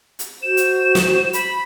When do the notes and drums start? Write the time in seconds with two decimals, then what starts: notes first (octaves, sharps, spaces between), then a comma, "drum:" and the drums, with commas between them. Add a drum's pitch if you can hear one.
0.19 drum: hi-hat
0.42 F#4 C5 G6 E7
0.57 drum: hi-hat
0.95 drum: snare
1.33 B5, drum: hi-hat